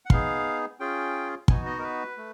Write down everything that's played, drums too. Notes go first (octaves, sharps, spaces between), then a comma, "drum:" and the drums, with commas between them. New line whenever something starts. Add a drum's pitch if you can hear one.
F#5
B3 D#4 G#4 F5, drum: kick
C#4 F4 G#4 G5
B3 D#4 F#4 G#5, drum: kick
D#5
A#4
B4
A3